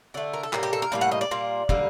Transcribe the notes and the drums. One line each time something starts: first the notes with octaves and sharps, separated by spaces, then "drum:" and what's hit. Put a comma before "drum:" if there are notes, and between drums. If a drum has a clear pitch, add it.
D3 A3 D5
A#4
A4
A2 G3 A#3, drum: clap
G4
A4
A#4
A2 G3 A#3 D5
F#5
D#5
D5
A#2 G3 A#3
D3 G3 A#3, drum: kick